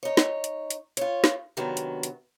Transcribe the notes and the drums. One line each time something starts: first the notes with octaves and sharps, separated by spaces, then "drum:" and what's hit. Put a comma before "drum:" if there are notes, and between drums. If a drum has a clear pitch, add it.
D#4 C#5
drum: snare
drum: hi-hat
drum: hi-hat
F4 C#5, drum: hi-hat
drum: snare
C3 D#3 F#3 B3 D4
drum: hi-hat
drum: hi-hat